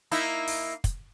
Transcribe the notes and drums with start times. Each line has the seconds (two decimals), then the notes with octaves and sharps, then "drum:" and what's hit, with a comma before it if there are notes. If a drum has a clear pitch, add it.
0.11 A#3 D#4 E4, drum: hi-hat
0.48 drum: open hi-hat
0.84 drum: kick, hi-hat